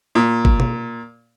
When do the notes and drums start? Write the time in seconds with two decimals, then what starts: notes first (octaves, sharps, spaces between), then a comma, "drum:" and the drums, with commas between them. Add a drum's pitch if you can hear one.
0.15 A#2
0.45 drum: kick
0.60 drum: tom B2